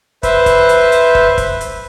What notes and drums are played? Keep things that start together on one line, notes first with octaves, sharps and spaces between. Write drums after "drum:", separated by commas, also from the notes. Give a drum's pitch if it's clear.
B4 C5 E5, drum: kick, hi-hat
drum: kick, hi-hat
drum: hi-hat
drum: hi-hat
drum: kick
drum: kick, hi-hat
drum: hi-hat